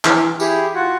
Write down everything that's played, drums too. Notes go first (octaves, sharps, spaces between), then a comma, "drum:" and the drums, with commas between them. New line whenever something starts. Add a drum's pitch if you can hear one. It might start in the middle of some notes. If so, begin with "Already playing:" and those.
E3, drum: clap
E4 G4 G#4, drum: tambourine
F4 F#4 F#5